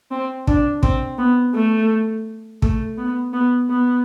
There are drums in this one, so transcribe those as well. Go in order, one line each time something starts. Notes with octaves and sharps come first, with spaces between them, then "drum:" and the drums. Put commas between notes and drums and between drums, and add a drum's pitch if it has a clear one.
C4
D4, drum: kick
C4, drum: kick
B3
A3
A3, drum: kick
B3
B3
B3